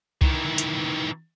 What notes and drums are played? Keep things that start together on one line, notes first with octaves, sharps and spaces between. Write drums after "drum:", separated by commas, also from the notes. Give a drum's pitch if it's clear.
D#3 E3, drum: kick
drum: hi-hat